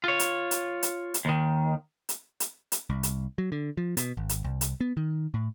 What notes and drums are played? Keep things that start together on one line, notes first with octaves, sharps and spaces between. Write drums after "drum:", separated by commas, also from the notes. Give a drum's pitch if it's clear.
F4 C#5
drum: hi-hat
drum: hi-hat
drum: hi-hat
drum: hi-hat
D#2 D#3
drum: hi-hat
drum: hi-hat
drum: hi-hat
C2
drum: hi-hat
F#3
D3
F3
B2, drum: hi-hat
G#1
drum: hi-hat
C2
drum: hi-hat
B3
D#3
A2